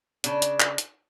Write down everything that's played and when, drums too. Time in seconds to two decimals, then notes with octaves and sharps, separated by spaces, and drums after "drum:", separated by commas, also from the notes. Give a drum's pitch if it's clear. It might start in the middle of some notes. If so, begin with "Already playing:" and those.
0.24 C#3 D4, drum: hi-hat
0.42 drum: hi-hat
0.60 drum: clap
0.78 drum: hi-hat